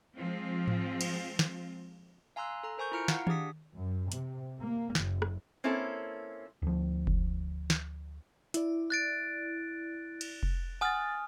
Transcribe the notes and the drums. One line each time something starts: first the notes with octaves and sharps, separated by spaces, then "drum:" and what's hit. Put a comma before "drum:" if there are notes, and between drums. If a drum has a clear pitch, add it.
F3 G#3 C4 F4
drum: tom G#2
drum: cymbal
drum: snare
F5 G#5 A#5 C6 E6 F#6
A4 A#5
A#4 C5 G#5 C#6 G6
E4 F4 A#5 F6 C#7 D7
F5 F#5, drum: snare
D4 G4 G#4 D#6 B6, drum: tom D#3
F#2
C3, drum: hi-hat
A#3
F#1, drum: snare
drum: rim click
A#3 C4 C#4 E4 A4
D2 F3
drum: kick F1
drum: snare
E4 D5, drum: hi-hat
F#6 A6 D7
drum: cymbal
drum: kick F1
F#5 G#5 D#6 F6 A6